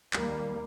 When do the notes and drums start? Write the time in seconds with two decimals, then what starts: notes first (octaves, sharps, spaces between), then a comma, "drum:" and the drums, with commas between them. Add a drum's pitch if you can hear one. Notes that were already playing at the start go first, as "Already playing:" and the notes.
0.13 D#2 G3 A#3, drum: clap